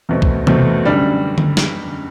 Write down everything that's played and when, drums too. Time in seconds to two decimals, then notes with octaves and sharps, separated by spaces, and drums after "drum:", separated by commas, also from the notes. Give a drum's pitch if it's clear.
0.09 E2 B2 A3 C4
0.22 drum: kick B1
0.47 E2 B2 A3 C4, drum: tom C3
0.85 F#2 D3 G3 D5
1.38 drum: tom D3
1.57 drum: snare